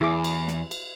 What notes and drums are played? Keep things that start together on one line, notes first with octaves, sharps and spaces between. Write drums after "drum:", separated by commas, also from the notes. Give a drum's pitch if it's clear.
E2 E4 G#4 D6
drum: cymbal
drum: snare
drum: cymbal